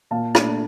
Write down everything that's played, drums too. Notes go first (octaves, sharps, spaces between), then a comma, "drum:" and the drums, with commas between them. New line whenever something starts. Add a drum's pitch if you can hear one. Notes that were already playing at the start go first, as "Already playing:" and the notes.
A#2 F5 A5
A3 D4, drum: rim click